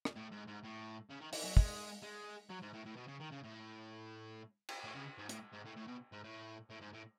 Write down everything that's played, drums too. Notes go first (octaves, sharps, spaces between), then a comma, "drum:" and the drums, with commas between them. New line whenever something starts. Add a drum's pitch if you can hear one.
drum: rim click
A2
G#2
G#2
A2
C#3
D#3
E3, drum: open hi-hat
F#3
G#3, drum: kick
G#3
F#3
G#2
A2
A2
B2
C#3
D#3
C#3
A2
drum: cymbal
A2
C#3
G#2
A2, drum: hi-hat
G#2
A2
A2
B2
G#2
A2
A2
G#2
A2